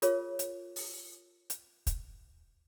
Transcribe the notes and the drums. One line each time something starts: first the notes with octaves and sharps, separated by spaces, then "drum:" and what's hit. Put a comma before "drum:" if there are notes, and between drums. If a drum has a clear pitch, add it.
F4 G#4 A#4 C#5, drum: hi-hat
drum: hi-hat
drum: open hi-hat
drum: hi-hat
drum: kick, hi-hat